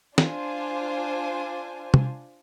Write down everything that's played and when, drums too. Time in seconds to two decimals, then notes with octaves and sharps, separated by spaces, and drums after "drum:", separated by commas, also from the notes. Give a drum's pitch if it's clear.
0.18 D4 F4 C5 G#5, drum: snare
1.94 drum: tom